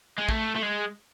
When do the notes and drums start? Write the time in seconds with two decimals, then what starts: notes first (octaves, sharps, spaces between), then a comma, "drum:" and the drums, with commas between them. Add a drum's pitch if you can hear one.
0.18 G#3
0.29 A3, drum: kick
0.56 A3
0.62 G#3